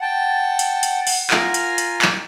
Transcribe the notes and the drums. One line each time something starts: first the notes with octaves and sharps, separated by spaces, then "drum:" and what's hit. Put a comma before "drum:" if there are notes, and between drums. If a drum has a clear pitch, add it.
F#5 G5 A5
drum: hi-hat
drum: hi-hat
drum: open hi-hat
F4 A#4 G#5, drum: clap
drum: hi-hat
drum: hi-hat
drum: clap